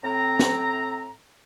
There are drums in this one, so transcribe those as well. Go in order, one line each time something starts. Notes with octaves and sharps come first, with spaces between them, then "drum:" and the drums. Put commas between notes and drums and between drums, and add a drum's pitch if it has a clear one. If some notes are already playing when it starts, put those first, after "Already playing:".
A2 C4 A#5
drum: snare